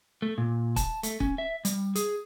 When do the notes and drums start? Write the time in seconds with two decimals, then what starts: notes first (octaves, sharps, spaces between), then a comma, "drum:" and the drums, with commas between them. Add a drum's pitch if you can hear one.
0.22 A3
0.38 A#2
0.76 A5, drum: kick C#1, hi-hat
1.03 A3, drum: hi-hat
1.20 C#4, drum: kick C#1
1.38 E5
1.65 G3, drum: hi-hat
1.95 G#4, drum: hi-hat